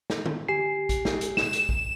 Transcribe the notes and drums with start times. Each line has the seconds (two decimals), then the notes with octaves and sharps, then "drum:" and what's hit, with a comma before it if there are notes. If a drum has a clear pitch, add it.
0.10 drum: snare
0.26 drum: tom D3
0.48 G4 G#5 C7
0.89 drum: kick A1, hi-hat
1.05 drum: snare
1.21 drum: hi-hat
1.37 E7, drum: snare
1.53 drum: hi-hat
1.69 drum: kick A1